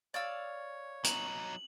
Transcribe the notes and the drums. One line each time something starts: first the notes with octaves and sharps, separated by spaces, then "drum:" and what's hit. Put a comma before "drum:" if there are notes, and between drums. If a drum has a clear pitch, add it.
C#5 D5 F5 E6
F#3 D#4 F#7, drum: hi-hat